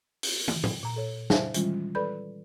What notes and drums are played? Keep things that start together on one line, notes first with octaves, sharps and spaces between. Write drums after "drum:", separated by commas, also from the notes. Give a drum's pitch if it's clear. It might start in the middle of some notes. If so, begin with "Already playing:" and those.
drum: open hi-hat
drum: tom
drum: tom
A#2 A#5
A4 C#5
E4 C5 E5 F5 G#5 A5, drum: snare
D#3 E3 G3 G#3 C#4 F4, drum: hi-hat
A4 B4 D5 B5 G6